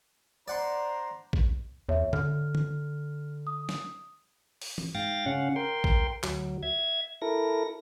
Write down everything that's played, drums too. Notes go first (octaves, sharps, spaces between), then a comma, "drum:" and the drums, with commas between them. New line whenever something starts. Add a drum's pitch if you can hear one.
D4 C5 D5 F#5 A#5 C6
drum: kick A1
E2 C#5 E5
D3 F6, drum: tom
drum: tom
D#6
drum: snare
drum: open hi-hat
drum: tom
G#2 F5 G5 A6 A#6
C#3 C#4 F5 F#5
A#4 G5 C6
drum: kick A1
D2 F#3, drum: clap
E5 G#6
E4 A4 A#4 A#6